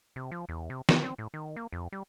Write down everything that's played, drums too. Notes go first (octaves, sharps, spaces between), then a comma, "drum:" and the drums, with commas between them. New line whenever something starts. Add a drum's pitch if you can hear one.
C3
F3
E2
C3
G4, drum: snare
C4
A2
D#3
A#3
F2
G3